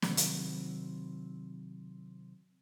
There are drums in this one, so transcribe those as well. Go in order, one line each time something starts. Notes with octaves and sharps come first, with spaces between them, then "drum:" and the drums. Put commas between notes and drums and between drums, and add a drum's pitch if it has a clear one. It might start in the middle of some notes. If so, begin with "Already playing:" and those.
C3 D#3 F#3 C4 B5, drum: snare
drum: hi-hat